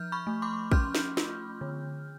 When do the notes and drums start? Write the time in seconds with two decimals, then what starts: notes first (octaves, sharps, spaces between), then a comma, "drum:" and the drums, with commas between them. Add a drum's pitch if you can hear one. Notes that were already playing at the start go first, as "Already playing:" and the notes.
Already playing: F3 F6 G6
0.12 B5 C#6
0.27 A3
0.42 C6 D6
0.72 C#4 F6 G6, drum: kick
0.95 drum: snare
1.17 F4, drum: snare
1.61 D3